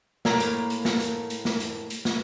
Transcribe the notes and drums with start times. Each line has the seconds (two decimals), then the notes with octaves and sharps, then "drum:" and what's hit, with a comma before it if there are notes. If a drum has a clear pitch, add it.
0.25 A2 A#3 F5, drum: snare
0.40 drum: hi-hat
0.70 drum: hi-hat
0.85 drum: snare
1.00 drum: hi-hat
1.30 drum: hi-hat
1.45 drum: snare
1.60 drum: hi-hat
1.90 drum: hi-hat
2.05 drum: snare